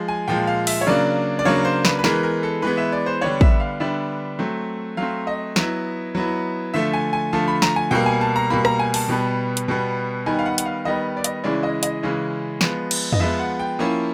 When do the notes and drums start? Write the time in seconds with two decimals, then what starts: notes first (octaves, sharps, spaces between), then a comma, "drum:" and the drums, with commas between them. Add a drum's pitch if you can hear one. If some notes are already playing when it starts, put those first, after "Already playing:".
Already playing: F3 G#3
0.08 G#5
0.28 A#2 F3 G#3 G5
0.47 F5
0.67 E5, drum: open hi-hat
0.81 C#5
0.87 C#3 F#3 A#3 D4 D5
1.39 D5
1.45 C#3 F#3 A#3 D4 C#5
1.65 C5
1.85 B4, drum: snare
1.99 B4
2.04 E3 G#3 B3 A#4, drum: snare
2.23 A#4
2.43 A4
2.62 E3 G#3 B3 B4
2.77 E5
2.92 D5
3.06 C5
3.21 D3 G3 B3 D4 C#5
3.41 E5, drum: kick
3.60 F5
3.80 D3 G3 B3 D4 E5
4.39 F#3 A3 C4
4.97 F#3 A3 C4 F5
5.27 D#5
5.56 F#3 B3 E4, drum: snare
6.15 F#3 B3 E4
6.74 D3 F3 A3 E5
6.94 G#5
7.13 G#5
7.33 D3 F3 A3 A5
7.48 B5
7.62 A#5, drum: snare
7.76 G#5
7.91 B2 G3 A#3 G5
8.06 G#5
8.21 A5
8.36 A#5
8.50 B2 G3 A#3 B5
8.65 A#5, drum: rim click
8.79 G#5
8.94 A5, drum: open hi-hat
9.09 B2 G3 B3
9.57 drum: hi-hat
9.68 B2 G3 B3
10.26 D#3 G3 B3 D#4 G#5
10.39 F5
10.46 F#5
10.58 F#5, drum: hi-hat
10.65 F5
10.85 D#3 G3 B3 D#4 D#5
11.17 D5
11.24 D#5, drum: hi-hat
11.44 C#3 E3 G#3 C#4 E4 D5
11.63 D#5
11.83 D#5, drum: hi-hat
12.03 C#3 E3 G#3 C#4 E4
12.61 F3 G#3 B3, drum: snare
12.91 drum: cymbal
13.13 D#5, drum: tom
13.19 F3 G#3 B3 E5
13.39 F#5
13.59 G5
13.79 F3 A#3 C#4 E4